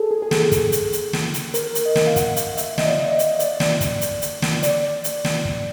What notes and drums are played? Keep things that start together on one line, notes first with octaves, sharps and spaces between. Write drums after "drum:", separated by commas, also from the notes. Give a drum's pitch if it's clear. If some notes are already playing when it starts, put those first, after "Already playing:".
Already playing: G#4 A4
G#4
G#4
A4, drum: snare
drum: kick, hi-hat
drum: hi-hat
drum: hi-hat
drum: snare
drum: hi-hat
A#4, drum: hi-hat
drum: hi-hat
D#5
drum: snare
F5
F#5, drum: kick, hi-hat
F5, drum: hi-hat
E5, drum: hi-hat
D#5, drum: snare
D5
D#5
D#5
drum: hi-hat
D5, drum: hi-hat
drum: snare
drum: kick, hi-hat
drum: hi-hat
drum: hi-hat
drum: snare
D5, drum: hi-hat
drum: hi-hat
drum: snare
drum: kick